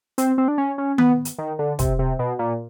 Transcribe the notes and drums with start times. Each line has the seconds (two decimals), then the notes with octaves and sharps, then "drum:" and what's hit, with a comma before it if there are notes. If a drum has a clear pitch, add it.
0.18 C4, drum: hi-hat
0.38 C4
0.48 D4
0.58 C#4
0.78 C#4
0.98 B3, drum: tom D#3
1.25 drum: hi-hat
1.38 D#3
1.59 D3
1.79 C3, drum: kick, hi-hat
1.99 C3
2.19 B2
2.39 A#2